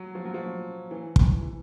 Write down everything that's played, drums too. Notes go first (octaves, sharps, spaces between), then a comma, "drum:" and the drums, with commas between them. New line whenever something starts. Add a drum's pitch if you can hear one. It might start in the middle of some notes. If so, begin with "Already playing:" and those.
Already playing: F#3
F3
F#3
F3
E3
drum: kick
E3